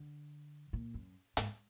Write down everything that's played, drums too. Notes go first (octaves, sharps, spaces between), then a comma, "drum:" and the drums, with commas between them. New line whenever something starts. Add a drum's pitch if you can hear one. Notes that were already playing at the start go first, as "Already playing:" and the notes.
Already playing: D3
A#2
F#2
G#2, drum: hi-hat